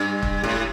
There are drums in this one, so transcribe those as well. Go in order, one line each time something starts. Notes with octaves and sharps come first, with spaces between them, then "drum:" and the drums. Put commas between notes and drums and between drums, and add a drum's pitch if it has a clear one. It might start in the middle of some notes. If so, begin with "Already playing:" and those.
Already playing: G2
drum: kick
A2